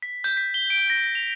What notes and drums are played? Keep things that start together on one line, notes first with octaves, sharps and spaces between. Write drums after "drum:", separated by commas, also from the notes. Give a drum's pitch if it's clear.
B6
G6, drum: open hi-hat
B6
G7
D7
A#6
A#6
F7